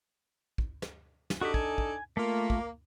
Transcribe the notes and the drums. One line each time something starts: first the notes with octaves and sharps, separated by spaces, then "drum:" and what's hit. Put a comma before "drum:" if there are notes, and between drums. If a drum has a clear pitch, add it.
drum: kick
drum: snare
drum: snare
D4 D#4 F#4 G4 A4
G#5, drum: kick
drum: kick
A3 A#3 F4
drum: kick